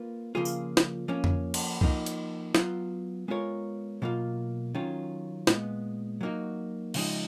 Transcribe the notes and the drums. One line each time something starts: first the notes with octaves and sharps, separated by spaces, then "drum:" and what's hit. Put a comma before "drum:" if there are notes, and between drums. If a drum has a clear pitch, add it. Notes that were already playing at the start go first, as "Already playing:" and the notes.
Already playing: A#3 F4 B4
C#3 F3 A#3 F4 G#4
drum: tambourine
drum: snare
F3 A#3 C#4
drum: tom F2
drum: cymbal
F3 A#3 D#4, drum: kick
drum: hi-hat
F#3 B3 F4, drum: snare
G#3 B3 F4 A#4 C#5
B2 F#3 A#3 F4
D#3 F#3 C#4 F4
A#2 G#3 B3, drum: snare
F#3 A#3 D#4 F#4
C#3 F3 G#3 D#4, drum: cymbal